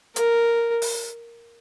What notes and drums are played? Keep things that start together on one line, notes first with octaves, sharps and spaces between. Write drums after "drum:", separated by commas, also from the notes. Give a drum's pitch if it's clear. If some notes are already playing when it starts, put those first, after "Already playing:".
A#4, drum: hi-hat
drum: open hi-hat